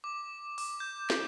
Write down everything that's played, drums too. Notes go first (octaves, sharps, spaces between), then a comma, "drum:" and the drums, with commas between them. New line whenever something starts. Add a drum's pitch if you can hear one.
D6
D6, drum: open hi-hat
G6
drum: snare